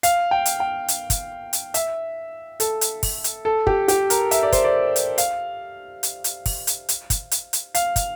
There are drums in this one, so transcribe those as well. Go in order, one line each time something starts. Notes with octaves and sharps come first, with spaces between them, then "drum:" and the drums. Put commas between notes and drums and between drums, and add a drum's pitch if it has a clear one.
F5, drum: hi-hat
G5
drum: hi-hat
G5
drum: hi-hat
drum: kick, hi-hat
drum: hi-hat
E5, drum: hi-hat
A4, drum: hi-hat
drum: hi-hat
drum: kick, open hi-hat
drum: hi-hat
A4
G4, drum: kick
G4, drum: hi-hat
A#4, drum: hi-hat
E5, drum: hi-hat
D5
C5, drum: kick, hi-hat
D5
drum: hi-hat
F5, drum: hi-hat
drum: hi-hat
drum: hi-hat
drum: kick, open hi-hat
drum: hi-hat
drum: hi-hat
drum: kick, hi-hat
drum: hi-hat
drum: hi-hat
F5, drum: hi-hat
drum: kick, hi-hat